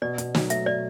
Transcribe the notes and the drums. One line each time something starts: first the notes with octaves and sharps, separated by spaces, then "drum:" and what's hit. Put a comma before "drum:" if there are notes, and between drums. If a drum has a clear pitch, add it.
B2 D5
B2, drum: hi-hat
F#3, drum: snare
A3 E5, drum: hi-hat
B2 D5